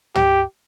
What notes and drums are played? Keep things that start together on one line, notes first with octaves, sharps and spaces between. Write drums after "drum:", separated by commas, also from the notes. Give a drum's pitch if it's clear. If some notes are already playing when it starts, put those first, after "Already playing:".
G4, drum: tom